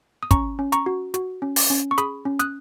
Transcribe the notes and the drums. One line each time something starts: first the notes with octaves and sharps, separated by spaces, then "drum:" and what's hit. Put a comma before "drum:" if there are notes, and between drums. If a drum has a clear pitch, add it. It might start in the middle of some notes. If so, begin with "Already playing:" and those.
D#6
C#4 A#5 C#6, drum: kick, hi-hat
C#4
A#5 C#6, drum: hi-hat
F#4
F#4, drum: hi-hat
C#4
drum: open hi-hat
C#4
C#6
G#4 B5 D#6, drum: hi-hat
C#4
D#6 F#6, drum: hi-hat